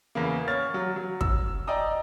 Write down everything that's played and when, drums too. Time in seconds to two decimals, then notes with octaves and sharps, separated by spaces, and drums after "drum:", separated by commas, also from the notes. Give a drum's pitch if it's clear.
0.15 E2 C#3 A#3
0.48 C#5 F6 A6
0.74 F#3
0.96 F#3
1.21 E6, drum: kick
1.67 D5 D#5 G5 A#5 D#6